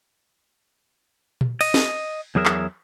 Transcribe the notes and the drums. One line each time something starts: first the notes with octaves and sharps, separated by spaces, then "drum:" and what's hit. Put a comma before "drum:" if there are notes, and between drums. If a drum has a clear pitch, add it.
drum: tom A#2
D#5, drum: cymbal
drum: snare
E2 F#3 G#4 A#4 E5
drum: clap